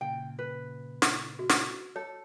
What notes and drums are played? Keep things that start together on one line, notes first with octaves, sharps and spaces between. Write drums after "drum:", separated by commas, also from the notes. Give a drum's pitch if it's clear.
A#2 C#3 G5
B4
drum: snare
F#4
drum: snare
A4 C#5